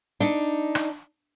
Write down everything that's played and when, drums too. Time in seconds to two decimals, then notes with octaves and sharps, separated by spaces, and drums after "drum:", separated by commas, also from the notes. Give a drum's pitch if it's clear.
0.20 D4 D#4, drum: hi-hat
0.75 drum: rim click